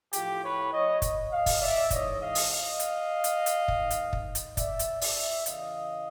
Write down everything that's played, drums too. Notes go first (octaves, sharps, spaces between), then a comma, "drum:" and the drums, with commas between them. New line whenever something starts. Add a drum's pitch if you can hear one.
A2 F3 F4 G4, drum: hi-hat
B4 C#5
C#5 D#5
drum: kick, hi-hat
D#5 F5
drum: kick, open hi-hat
D5 E5
G#2 E3 C#5 D#5, drum: kick, hi-hat
D#5 F5
drum: open hi-hat
D#5 F5
drum: hi-hat
drum: hi-hat
drum: hi-hat
G#2 D#3, drum: kick
drum: hi-hat
drum: kick
drum: hi-hat
D5 E5, drum: kick, hi-hat
drum: hi-hat
D5 E5, drum: open hi-hat
E2 C#3 E3 D#5 F5, drum: hi-hat